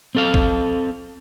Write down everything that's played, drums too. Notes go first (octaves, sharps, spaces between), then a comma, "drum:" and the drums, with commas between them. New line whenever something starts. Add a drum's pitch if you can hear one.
C4 A4 F5
drum: kick